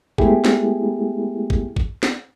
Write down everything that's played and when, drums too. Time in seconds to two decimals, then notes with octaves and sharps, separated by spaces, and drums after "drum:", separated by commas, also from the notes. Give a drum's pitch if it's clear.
0.18 G#3 A3 B3 E4 G4 G#4, drum: kick
0.45 drum: snare
1.50 drum: kick
1.76 drum: kick
2.03 drum: snare